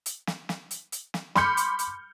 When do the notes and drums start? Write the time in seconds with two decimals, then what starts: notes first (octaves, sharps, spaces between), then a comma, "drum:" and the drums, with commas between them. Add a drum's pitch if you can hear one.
0.06 drum: hi-hat
0.27 drum: snare
0.49 drum: snare
0.71 drum: hi-hat
0.92 drum: hi-hat
1.14 drum: snare
1.35 B5 C6 D6 F6 G6 C#7, drum: snare
1.57 drum: hi-hat
1.79 drum: hi-hat